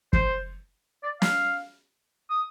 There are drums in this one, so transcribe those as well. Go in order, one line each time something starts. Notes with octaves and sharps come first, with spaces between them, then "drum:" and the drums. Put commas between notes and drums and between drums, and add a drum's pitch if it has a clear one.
C5, drum: kick
D5
F5, drum: snare
D#6